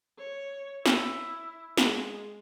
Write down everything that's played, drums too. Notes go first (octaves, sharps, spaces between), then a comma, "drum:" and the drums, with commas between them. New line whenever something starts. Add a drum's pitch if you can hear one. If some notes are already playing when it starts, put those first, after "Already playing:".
C#5
E4, drum: snare
G#3, drum: snare